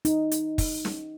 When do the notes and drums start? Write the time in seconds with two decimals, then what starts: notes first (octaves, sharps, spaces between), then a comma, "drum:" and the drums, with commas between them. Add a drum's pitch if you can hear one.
0.05 D#4, drum: hi-hat
0.31 drum: hi-hat
0.58 drum: kick, open hi-hat
0.85 drum: snare